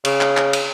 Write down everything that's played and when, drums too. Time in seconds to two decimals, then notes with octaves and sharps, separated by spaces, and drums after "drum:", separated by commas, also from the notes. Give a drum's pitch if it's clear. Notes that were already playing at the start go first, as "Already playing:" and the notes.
0.05 C#3, drum: cymbal
0.21 drum: clap
0.37 drum: clap
0.53 drum: cymbal